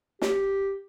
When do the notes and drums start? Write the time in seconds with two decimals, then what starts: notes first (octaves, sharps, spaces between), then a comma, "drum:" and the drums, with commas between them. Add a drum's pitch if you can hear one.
0.22 G4, drum: snare